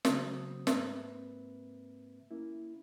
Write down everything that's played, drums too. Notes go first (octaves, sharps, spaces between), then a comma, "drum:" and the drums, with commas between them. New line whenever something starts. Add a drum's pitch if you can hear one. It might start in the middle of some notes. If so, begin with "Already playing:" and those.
C#3 F#3 A#3 F#4 C5 D#6, drum: snare
G#2 A#3 C4 B4 E5, drum: snare
A#3 C#4 E4